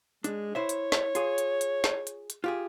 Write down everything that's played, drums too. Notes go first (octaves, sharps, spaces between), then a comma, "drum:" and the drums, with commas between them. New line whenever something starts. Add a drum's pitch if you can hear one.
G#3 D4, drum: hi-hat
E4 C5 C#5 E5
drum: hi-hat
drum: snare
F4 G#4, drum: hi-hat
drum: hi-hat
drum: hi-hat
drum: snare
drum: hi-hat
drum: hi-hat
F4 G4 G#4